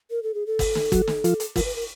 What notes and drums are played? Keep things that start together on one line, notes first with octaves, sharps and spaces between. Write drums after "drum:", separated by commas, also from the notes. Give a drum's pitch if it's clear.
A#4
A4
G#4
A4
drum: kick G1, open hi-hat
drum: snare
F#3 F#4, drum: kick G1, hi-hat
drum: snare
F3 F4, drum: hi-hat
drum: hi-hat
F3 F4 A#4, drum: kick G1, open hi-hat
B4
A#4